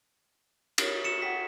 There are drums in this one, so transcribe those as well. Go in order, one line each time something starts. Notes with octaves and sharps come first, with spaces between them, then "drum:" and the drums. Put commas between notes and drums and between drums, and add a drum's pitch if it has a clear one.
G4 A#4 C#5, drum: cymbal
C#7 E7
F#5 G5 B6